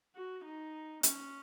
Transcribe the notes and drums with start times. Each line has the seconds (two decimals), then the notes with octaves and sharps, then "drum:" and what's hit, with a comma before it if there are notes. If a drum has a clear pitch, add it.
0.15 F#4
0.45 D#4
1.03 C#4, drum: hi-hat